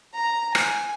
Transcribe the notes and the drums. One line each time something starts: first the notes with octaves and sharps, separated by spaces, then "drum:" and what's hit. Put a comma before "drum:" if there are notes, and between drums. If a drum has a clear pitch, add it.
A#5
G#5, drum: rim click